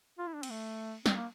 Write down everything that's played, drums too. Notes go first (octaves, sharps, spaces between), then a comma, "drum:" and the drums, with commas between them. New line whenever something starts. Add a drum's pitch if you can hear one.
F4
E4
D4
C4, drum: cymbal
A3
C4, drum: snare
A#3